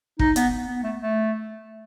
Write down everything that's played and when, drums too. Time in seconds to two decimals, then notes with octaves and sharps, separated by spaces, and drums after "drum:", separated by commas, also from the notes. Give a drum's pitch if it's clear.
0.19 D#4, drum: kick
0.36 B3, drum: hi-hat
0.67 B3
0.83 A3
0.98 A3